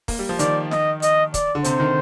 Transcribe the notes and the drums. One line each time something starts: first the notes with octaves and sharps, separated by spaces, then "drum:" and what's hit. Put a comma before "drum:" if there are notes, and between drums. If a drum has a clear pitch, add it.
A#3, drum: kick, open hi-hat
G3
F3
D#3 D5, drum: hi-hat
D#5, drum: snare
D#5, drum: hi-hat
D5, drum: kick, hi-hat
D3
C3 C5, drum: hi-hat
D#3